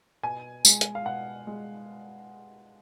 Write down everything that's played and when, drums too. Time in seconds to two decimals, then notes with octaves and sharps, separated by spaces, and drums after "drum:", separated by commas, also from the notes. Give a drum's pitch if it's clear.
0.23 B2 G#5
0.65 G#3, drum: tambourine
0.81 drum: hi-hat
0.95 F5
1.06 B2 F#5
1.47 G#3